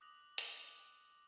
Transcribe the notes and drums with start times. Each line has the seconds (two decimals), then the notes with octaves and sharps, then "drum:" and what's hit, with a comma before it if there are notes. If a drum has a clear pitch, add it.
0.01 D6 D#6 F#6 A#6 F7 F#7
0.38 drum: hi-hat